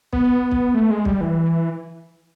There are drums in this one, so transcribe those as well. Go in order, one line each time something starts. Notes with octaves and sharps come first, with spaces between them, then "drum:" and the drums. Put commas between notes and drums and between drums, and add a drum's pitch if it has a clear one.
B3, drum: kick
drum: kick
A3
G#3
G3, drum: kick
E3